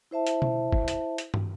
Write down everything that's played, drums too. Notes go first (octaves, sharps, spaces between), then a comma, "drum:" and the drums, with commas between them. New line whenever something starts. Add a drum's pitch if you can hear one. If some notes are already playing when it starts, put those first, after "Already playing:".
E4 C5 E5 A5
drum: hi-hat
drum: tom B2
drum: kick
drum: hi-hat
drum: hi-hat
drum: tom